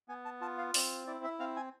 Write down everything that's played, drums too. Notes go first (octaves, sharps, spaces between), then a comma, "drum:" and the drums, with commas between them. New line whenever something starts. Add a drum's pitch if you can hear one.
B3 G#5
A5
F4 A5
F5
C4 D5, drum: open hi-hat
E4 D5
E5
C4 F5
G#5